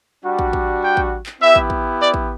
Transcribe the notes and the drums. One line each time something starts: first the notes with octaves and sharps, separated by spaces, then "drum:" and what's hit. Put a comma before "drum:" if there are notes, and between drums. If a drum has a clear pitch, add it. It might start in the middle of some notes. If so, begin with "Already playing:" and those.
G3 D4 F#4
drum: kick
drum: kick
G5
drum: kick
drum: clap
B3 E4 G4 E5
drum: kick
drum: kick
D5
drum: kick